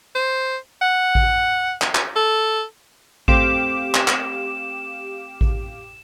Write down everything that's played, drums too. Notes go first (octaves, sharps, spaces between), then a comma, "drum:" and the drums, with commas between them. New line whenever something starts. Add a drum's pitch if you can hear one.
C5
F#5
drum: kick A1
drum: clap
drum: clap
A4
A3 C4 G4 C5 F5 D6 E7, drum: kick A1
drum: clap
drum: clap
drum: kick A1